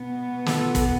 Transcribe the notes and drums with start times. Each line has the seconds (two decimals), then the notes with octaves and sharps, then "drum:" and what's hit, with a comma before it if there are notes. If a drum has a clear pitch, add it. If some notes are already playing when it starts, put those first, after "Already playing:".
Already playing: B2 B3
0.46 F4 A4, drum: snare
0.75 drum: kick, hi-hat